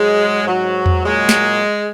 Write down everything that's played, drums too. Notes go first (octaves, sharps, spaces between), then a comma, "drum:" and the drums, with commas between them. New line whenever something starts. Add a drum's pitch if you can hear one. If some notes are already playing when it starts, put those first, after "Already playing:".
Already playing: G#2 F#3 G#3
G#2 F#3
drum: tom E2
A#2 F#3 G#3
drum: snare